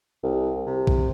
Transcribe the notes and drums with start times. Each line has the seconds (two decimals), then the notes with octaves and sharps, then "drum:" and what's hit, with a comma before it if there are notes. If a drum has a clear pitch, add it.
0.23 C2
0.66 C3
0.87 drum: kick